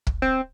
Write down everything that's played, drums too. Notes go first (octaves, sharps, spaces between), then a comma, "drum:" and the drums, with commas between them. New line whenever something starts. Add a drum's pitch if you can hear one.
drum: kick
C4